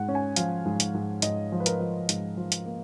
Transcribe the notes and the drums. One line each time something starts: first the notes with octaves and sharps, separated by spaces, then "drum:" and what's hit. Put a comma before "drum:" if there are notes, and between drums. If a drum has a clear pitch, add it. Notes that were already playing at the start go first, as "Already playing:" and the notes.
Already playing: G#2 F#5
C#4
G#5
F3 F5, drum: hi-hat
G#2
drum: hi-hat
G#2
G#2 D#5, drum: hi-hat
F3
B4
A#4, drum: hi-hat
F3
G#2, drum: hi-hat
F3
drum: hi-hat
A#3